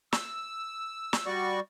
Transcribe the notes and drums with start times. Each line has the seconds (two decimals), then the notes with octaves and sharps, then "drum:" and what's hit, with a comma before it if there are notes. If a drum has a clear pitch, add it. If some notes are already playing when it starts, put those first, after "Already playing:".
0.12 E6, drum: snare
1.13 drum: snare
1.26 G3 F#4 D5 C#6